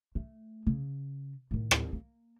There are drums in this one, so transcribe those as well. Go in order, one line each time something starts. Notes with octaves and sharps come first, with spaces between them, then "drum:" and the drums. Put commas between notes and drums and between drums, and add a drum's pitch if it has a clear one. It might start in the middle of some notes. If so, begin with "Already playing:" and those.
A3
C#3
A2 D#3
drum: rim click
A#3